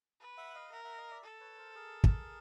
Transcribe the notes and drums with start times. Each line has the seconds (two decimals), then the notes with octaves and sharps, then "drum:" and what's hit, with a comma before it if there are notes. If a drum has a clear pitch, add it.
0.20 B4
0.38 E5 F#5
0.55 D#5 F5
0.71 A#4 E5 F#5
0.84 E5 F#5
0.98 D#5 F5
1.10 D5 E5
1.24 A4
1.40 B4 C#5
1.57 A#4 C5
1.75 G#4 A#4
2.04 drum: kick